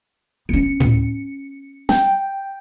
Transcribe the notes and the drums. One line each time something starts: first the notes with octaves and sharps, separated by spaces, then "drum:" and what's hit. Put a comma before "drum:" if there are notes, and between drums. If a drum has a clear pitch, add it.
B3 C#4 C#7
drum: tom A2
G5, drum: snare